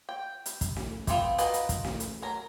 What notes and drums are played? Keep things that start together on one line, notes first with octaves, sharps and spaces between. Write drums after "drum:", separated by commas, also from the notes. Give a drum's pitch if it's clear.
G5
drum: hi-hat
drum: kick, hi-hat
drum: snare
A3 B3 C4 E4 F4, drum: kick, hi-hat
F4 F#4 A#4 B4 D#5, drum: hi-hat
drum: hi-hat
drum: kick, hi-hat
drum: snare
drum: hi-hat
F#3 A#4 A#5